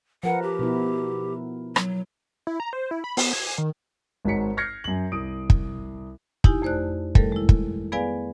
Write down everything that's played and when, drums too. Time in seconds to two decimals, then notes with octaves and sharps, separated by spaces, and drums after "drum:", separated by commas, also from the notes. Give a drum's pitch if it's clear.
0.23 F3 A#4 B4 F#5
0.42 G4
0.59 B2 B3 E4
1.76 F#3, drum: rim click
2.47 E4
2.60 A#5
2.73 C5
2.91 E4
3.04 B5
3.17 B3, drum: open hi-hat
3.33 G#6
3.46 G#5
3.58 D#3
4.25 G#1 G#2 F#4 C#5 B6 C#7
4.57 F6 G6 G#6 A#6 C7 C#7
4.84 F#2 F#7
5.12 C2 D#6 D7
5.50 drum: kick
6.44 D#4 E4 G4 G#5, drum: kick
6.62 F2 A3 C5 D5 F#6
7.15 D#3 G3 A3 A4 A#4, drum: kick
7.32 G#3 E4
7.49 drum: kick
7.92 B3 G#4 B4 D5 F5 G#5